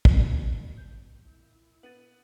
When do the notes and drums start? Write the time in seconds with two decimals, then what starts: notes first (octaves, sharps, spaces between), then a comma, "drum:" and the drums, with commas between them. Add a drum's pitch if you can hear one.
0.05 drum: kick
0.77 G1 F2 G6
1.26 A#2 E4
1.83 B3 A6 D#7 F#7